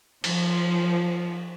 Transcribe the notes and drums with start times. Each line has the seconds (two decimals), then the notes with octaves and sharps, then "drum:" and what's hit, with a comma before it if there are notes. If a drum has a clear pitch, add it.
0.24 F3, drum: cymbal